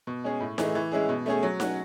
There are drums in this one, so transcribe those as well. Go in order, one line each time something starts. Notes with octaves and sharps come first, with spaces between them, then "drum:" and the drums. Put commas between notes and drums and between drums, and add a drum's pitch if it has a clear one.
B2
G#3 C#4 G#4
A2
E3 A3 D#4 G#4, drum: snare D#4
E3
G#3 C#4 E4 G#4
B2
A3 C#4 G#4
F#3
C#4 F#4, drum: snare D#4